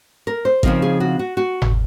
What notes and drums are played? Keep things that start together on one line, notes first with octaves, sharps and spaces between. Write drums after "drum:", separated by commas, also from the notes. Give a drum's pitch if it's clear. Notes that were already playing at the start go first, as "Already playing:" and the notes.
A#4
C5
C#3 F3 C4 D#4 A#4, drum: kick A1
G#4
F#4
F#4
F#4
drum: tom G1